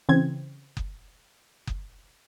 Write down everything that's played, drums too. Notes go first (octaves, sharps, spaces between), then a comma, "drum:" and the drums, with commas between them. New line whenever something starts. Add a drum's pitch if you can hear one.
C#3 E3 C4 G#6
drum: kick F#1
drum: kick F#1